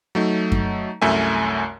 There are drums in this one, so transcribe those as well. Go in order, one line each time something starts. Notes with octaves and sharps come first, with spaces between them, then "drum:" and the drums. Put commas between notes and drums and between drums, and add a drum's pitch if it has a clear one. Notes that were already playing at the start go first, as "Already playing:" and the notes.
F#3 A3 D#4
drum: kick F#2
C2 F#2 A3 E5 G#5